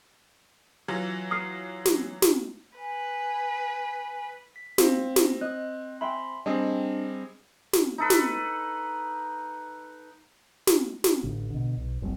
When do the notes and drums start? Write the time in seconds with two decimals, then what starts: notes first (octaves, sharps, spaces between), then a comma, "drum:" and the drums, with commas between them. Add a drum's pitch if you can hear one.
0.88 E3 F#3 F4
1.31 D#6 F6 C7
1.85 drum: snare
2.22 drum: snare
2.78 B4 G#5
4.56 B6
4.78 C4 F5, drum: snare
5.16 drum: snare
5.41 D#5 F#6
6.01 G#4 E5 G5 B5 C6
6.46 G3 C4 D4 G#4 D#5
7.73 drum: snare
7.98 D#4 A4 B4
8.10 drum: snare
10.67 drum: snare
11.04 drum: snare
11.23 A1 D3
11.50 B2 D3
11.77 B1
12.02 F#1 C#2 G3 C4